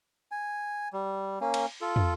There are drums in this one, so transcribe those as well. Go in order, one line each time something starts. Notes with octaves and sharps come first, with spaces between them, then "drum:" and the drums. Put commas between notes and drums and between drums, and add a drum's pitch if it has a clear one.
G#5
G3
A#3 C#4
drum: cymbal
F4 A4
drum: tom